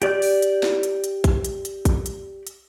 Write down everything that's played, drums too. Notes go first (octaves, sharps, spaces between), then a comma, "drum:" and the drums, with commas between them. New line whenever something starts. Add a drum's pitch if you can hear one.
G4 D5 D6 G6, drum: hi-hat
drum: open hi-hat
drum: hi-hat
drum: snare
drum: hi-hat
drum: hi-hat
drum: kick A#1, hi-hat
drum: hi-hat
drum: hi-hat
drum: kick A#1, hi-hat
drum: hi-hat
drum: hi-hat